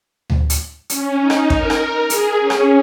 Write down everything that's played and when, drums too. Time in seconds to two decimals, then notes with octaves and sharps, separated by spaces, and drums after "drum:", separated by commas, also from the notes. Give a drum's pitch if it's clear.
0.30 drum: tom D2
0.50 drum: hi-hat
0.90 C#4, drum: hi-hat
1.20 D#4
1.30 drum: rim click
1.50 A#4, drum: kick
1.70 drum: rim click
2.10 G#4, drum: hi-hat
2.40 C#4
2.50 drum: rim click